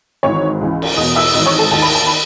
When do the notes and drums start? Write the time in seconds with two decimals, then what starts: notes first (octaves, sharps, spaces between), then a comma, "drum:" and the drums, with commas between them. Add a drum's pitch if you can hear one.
0.23 G#1 G#2 E3 C#5 C#6
0.61 C#2 C#3 E3
0.82 drum: cymbal
0.97 E2 B2 D#5 D#6
1.15 E5 E6, drum: cymbal
1.34 G#1 G#2 E3 D#5 D#6
1.46 C#5 C#6
1.58 A4 A5
1.71 D#2 D#3 A5, drum: cymbal
1.82 B5
1.95 A5
2.07 B5